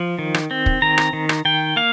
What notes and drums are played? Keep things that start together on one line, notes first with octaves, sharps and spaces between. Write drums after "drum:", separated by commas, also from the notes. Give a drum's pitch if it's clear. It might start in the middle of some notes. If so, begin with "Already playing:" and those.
Already playing: F3
D#3
drum: rim click
C4
drum: kick
D#3 A#5
drum: rim click
D#3
drum: rim click
D#3 G5
A#3 F5